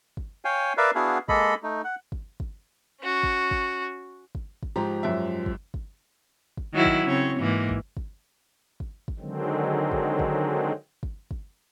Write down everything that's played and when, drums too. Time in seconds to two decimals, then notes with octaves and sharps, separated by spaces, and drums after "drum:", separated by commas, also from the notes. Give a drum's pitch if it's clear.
0.17 drum: kick
0.45 C#5 F5 G5 G#5
0.77 A#4 B4 D5 E5 F5
0.95 B3 D4 E4 F#4 G#4 F5
1.29 G#3 A#3 A4 D#5 B5, drum: kick
1.63 A3 D#4
1.84 F#5
2.12 drum: kick
2.40 drum: kick
3.01 C#4 F#4
3.23 drum: kick
3.51 drum: kick
4.35 drum: kick
4.63 drum: kick
4.76 G#2 F3 G4 A#5
5.03 F#2 E5
5.46 drum: kick
5.74 drum: kick
6.57 drum: kick
6.73 D#3 F#3 E4
6.85 drum: kick
7.06 C#3 C4 C#5
7.38 G#2 E3 A#3
7.69 drum: kick
7.97 drum: kick
8.80 drum: kick
9.08 drum: kick
9.19 D3 D#3 F#3 G#3 C4
9.92 drum: kick
10.19 drum: kick
11.03 drum: kick
11.31 drum: kick